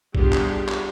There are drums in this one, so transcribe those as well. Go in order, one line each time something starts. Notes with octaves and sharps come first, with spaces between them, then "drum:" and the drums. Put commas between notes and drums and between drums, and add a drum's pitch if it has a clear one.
G3 B3 D4 F4 G4 G#4, drum: kick B1
drum: clap
drum: clap